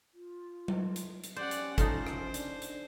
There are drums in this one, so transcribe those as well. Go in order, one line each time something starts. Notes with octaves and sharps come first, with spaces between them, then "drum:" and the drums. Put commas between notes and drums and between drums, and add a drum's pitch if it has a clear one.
F4
drum: tom F#3
drum: hi-hat
drum: hi-hat
C#4 G4 C5 D5 F#5
drum: hi-hat
F3 D#4 F4 A4 C5, drum: kick, hi-hat
drum: rim click
D4, drum: hi-hat
drum: hi-hat